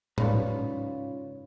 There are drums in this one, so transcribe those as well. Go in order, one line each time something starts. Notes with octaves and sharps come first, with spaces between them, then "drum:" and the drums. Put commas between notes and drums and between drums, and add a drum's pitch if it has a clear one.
G#2 C#3 D#4 F4 B4 C#5 D5 B5, drum: tom A2